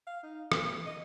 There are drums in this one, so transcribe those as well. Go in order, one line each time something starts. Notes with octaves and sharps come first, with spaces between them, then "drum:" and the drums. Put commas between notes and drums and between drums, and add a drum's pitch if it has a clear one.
F5
D#4
A#3, drum: rim click
D#5